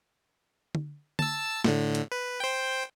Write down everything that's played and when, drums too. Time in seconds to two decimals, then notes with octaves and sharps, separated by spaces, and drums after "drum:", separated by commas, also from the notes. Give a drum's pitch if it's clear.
0.75 drum: tom D3
1.19 A5 E6, drum: tom D3
1.64 A2 D3, drum: snare
1.95 drum: hi-hat
2.12 B4
2.40 C5 G5